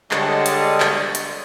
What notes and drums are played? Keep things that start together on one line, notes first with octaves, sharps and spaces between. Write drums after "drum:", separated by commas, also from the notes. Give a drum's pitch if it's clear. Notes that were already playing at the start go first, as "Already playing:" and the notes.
D3 G3 G#3 C#5 D#5 A5, drum: clap
drum: hi-hat
drum: clap
drum: hi-hat